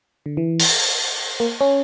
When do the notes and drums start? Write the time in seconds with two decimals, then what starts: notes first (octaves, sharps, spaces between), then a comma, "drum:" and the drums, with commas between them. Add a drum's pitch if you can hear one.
0.26 D3
0.37 E3
0.59 drum: open hi-hat
1.40 A#3
1.61 C#4